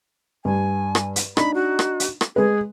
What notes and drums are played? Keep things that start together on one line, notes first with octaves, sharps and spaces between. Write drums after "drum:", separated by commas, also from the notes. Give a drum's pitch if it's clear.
G2 G#5
drum: rim click
drum: hi-hat
D4 D#4 B5, drum: rim click
F#4
drum: rim click
drum: hi-hat
drum: rim click
G#3 G#4 B4